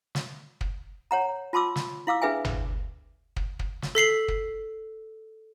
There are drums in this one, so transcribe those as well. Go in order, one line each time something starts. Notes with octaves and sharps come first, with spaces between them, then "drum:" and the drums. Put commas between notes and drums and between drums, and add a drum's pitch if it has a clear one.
drum: snare
drum: kick
C#5 F#5 A#5
F4 A5 C6 D6 E6
drum: snare
E4 F5 D6 E6
D4 G#4 B4 E5 G5 G#5
drum: tom
drum: kick
drum: kick
drum: snare
A4 B6 C7 F#7
drum: kick